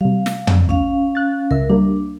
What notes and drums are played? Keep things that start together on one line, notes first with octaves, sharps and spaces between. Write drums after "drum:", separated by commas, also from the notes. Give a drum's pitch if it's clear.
C3 G3 F5
drum: snare
drum: tom
C#4 F5, drum: kick
F#6 A6
C#2 A#4 E5
G3 A#3 D4